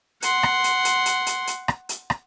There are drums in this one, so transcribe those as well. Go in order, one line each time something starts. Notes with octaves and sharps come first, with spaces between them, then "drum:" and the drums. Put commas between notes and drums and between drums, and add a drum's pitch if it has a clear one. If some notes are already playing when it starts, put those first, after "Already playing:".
F#5 C6, drum: hi-hat
drum: rim click
drum: hi-hat
drum: hi-hat
drum: hi-hat
drum: hi-hat
drum: hi-hat
drum: rim click
drum: hi-hat
drum: rim click